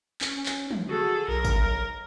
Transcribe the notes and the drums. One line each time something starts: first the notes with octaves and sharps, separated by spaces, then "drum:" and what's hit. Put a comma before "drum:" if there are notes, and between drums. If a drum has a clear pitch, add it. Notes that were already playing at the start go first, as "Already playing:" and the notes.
C#4, drum: clap
drum: clap
drum: tom
F#4 G#4 A4
B1 A#4
drum: kick, tambourine